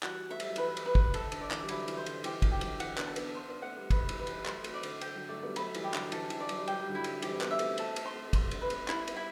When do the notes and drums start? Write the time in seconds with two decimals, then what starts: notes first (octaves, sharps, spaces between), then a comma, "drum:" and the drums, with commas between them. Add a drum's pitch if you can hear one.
0.03 E3 G3 F#4, drum: clap
0.30 A3 E5
0.40 G3, drum: cymbal
0.48 F#3
0.56 E3 G3 B4, drum: cymbal
0.77 drum: cymbal
0.86 B4
0.95 drum: kick
1.14 A4, drum: cymbal
1.32 D3, drum: cymbal
1.41 D5
1.51 E3, drum: clap
1.62 G3
1.69 D3 F#3 E4, drum: cymbal
1.88 E3, drum: cymbal
1.97 C5
2.06 D3, drum: cymbal
2.24 E3 G4, drum: cymbal
2.42 D3 F#3, drum: kick, cymbal
2.51 G4
2.61 D3 F#3, drum: cymbal
2.80 E3 F#5, drum: cymbal
2.98 B3 D4, drum: clap
3.07 A5
3.16 B3 D4, drum: cymbal
3.35 C5
3.48 B3 D4
3.62 A3 C4 F#5
3.77 G3 B3
3.90 B4, drum: kick, cymbal
4.09 E3 G3, drum: cymbal
4.19 B4
4.27 E3 G3, drum: cymbal
4.41 G3
4.46 F#3 A3 C6, drum: clap
4.64 A3 C4, drum: cymbal
4.74 D5
4.83 D3, drum: cymbal
5.01 G5, drum: cymbal
5.16 D3 F#3
5.29 F#3 A3 D5
5.43 G3 B3
5.56 F#3 A3 B5, drum: cymbal
5.74 E3 G3, drum: cymbal
5.84 G4
5.94 D3 F#3, drum: clap
6.12 E3 A4, drum: cymbal
6.30 E3, drum: cymbal
6.40 D5
6.49 F#3, drum: cymbal
6.59 G3
6.67 F#3 G5, drum: cymbal
6.79 G3
6.89 D3 F#3
6.95 E4
7.04 drum: cymbal
7.22 E3 G3 G4, drum: cymbal
7.33 C4
7.41 G3 B3, drum: clap
7.51 E5
7.59 A3 C4, drum: cymbal
7.78 A3 C4 A5, drum: cymbal
7.96 A3 C4, drum: cymbal
8.06 C6
8.14 A3 C4
8.28 A3
8.33 G3 B3 C6, drum: kick, cymbal
8.51 B3 D4, drum: cymbal
8.61 B4
8.70 A3 C4, drum: cymbal
8.88 G3 B3 E4, drum: clap
9.08 G3 B3, drum: cymbal
9.16 E4